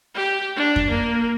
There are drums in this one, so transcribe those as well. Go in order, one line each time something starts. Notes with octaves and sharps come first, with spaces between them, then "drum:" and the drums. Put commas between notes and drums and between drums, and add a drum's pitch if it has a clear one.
G4
D4
drum: kick F2
A#3